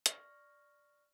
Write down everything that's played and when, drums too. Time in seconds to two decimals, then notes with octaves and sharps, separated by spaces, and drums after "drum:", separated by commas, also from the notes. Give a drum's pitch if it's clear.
0.06 D5 C#6 F6 A#6, drum: hi-hat